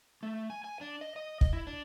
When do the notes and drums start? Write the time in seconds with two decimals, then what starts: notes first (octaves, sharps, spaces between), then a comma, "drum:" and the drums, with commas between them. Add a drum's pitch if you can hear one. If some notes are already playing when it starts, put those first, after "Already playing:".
0.23 A3
0.50 G#5
0.64 G#5
0.81 D4
1.01 D#5
1.16 D#5
1.41 D#5, drum: kick
1.53 E4
1.67 D4